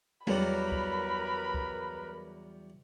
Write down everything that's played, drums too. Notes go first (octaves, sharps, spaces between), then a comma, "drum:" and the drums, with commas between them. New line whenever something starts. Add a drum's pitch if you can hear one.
E2 F#3 G3 A#4 B4 B5, drum: tom F#3
drum: kick C#2
drum: kick C#2